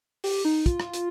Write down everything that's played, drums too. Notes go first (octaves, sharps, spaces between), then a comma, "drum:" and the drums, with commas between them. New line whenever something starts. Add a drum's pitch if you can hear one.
G4, drum: open hi-hat
D#4
F4, drum: kick, hi-hat
drum: rim click
drum: hi-hat